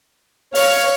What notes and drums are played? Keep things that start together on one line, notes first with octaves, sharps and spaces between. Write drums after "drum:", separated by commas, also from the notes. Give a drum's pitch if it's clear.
C#5 F5, drum: open hi-hat